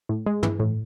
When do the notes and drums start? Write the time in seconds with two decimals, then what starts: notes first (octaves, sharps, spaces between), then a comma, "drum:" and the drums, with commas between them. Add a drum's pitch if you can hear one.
0.09 A2
0.26 G#3
0.43 E3, drum: tom
0.60 A2